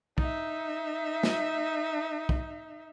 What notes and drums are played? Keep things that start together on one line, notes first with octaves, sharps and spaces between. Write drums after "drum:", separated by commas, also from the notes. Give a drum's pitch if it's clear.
D#4 E5, drum: kick
drum: snare
drum: kick